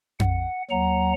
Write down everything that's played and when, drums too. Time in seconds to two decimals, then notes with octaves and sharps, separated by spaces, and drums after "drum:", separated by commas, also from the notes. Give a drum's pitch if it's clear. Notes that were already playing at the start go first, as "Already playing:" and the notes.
0.20 F#5, drum: tom F2
0.70 D#2 F#3 F#5 A#5